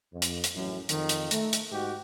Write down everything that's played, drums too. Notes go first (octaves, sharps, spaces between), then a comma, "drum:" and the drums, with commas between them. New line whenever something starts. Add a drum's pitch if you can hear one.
F2
drum: hi-hat
drum: hi-hat
A1 F#2
F2 D#3, drum: hi-hat
drum: hi-hat
A3, drum: hi-hat
drum: hi-hat
G#2 F#4 G4